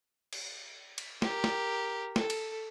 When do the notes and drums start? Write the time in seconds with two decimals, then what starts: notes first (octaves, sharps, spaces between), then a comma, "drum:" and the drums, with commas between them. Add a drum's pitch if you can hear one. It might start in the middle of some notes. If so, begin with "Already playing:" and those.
0.33 drum: cymbal
0.98 drum: cymbal
1.22 G4 A#4, drum: snare
1.44 drum: snare
2.16 A4, drum: snare
2.30 drum: cymbal